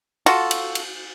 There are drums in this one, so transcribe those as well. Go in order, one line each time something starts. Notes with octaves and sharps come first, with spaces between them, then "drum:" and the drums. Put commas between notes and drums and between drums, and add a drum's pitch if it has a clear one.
F4 F#4 A4, drum: cymbal
drum: cymbal
drum: cymbal